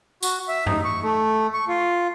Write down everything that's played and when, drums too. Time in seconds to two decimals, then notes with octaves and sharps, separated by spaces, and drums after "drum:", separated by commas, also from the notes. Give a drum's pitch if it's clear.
0.23 F#4, drum: tambourine
0.48 E5
0.66 D#4, drum: tom G2
0.85 C#6
1.03 A3
1.54 C#6
1.68 F4